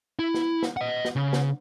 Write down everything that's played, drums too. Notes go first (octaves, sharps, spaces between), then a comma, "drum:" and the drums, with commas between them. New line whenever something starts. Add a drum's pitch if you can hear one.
E4
drum: snare
drum: snare
D#5 F#5
drum: snare
C#3
drum: snare